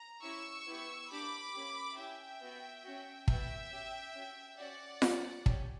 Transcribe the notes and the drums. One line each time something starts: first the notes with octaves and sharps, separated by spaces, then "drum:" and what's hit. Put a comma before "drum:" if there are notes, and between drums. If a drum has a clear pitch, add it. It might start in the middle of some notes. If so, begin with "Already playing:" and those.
Already playing: A#5
C#4 E4 G4 C#6 E6
B3 E4 G4
A#3 D4 G4 B5 D6
A#3 C#4 G4
C#4 E4 G4 E5 G5
B3 F#4
C#4 F#4
B3 F#4 E5 G5, drum: kick
C#4 G4
C#4 F#4
C#4 F#4 D5 F#5
C#4 G4, drum: snare F4
C#4 G4, drum: kick